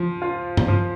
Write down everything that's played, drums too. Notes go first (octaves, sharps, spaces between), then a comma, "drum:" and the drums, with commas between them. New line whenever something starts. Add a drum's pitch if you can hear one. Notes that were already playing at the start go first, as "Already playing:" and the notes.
Already playing: F3
F4
drum: tom G2
F3